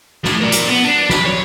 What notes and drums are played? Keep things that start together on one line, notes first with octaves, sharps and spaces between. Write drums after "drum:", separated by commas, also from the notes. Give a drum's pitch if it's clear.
A2, drum: snare
A#4 D5
drum: hi-hat
B3
D4
B4, drum: snare
C#5